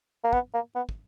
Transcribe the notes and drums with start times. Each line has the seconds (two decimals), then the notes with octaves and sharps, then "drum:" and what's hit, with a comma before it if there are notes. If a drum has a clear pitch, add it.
0.24 A#3
0.33 B3, drum: kick
0.54 A#3
0.75 B3
0.89 drum: kick